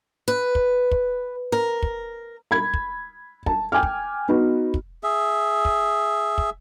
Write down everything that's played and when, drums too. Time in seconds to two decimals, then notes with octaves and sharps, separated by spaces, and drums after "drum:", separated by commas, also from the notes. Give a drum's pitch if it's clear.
0.28 B4
0.55 drum: kick
0.91 drum: kick
1.52 A#4
1.83 drum: kick
2.51 B5 G#6
2.74 drum: kick
3.46 A5, drum: kick
3.72 G5 G#5 D6 F6
3.83 drum: kick
4.28 B3 D#4 F#4
4.74 drum: kick
5.03 G#4 E5
5.65 drum: kick
6.38 drum: kick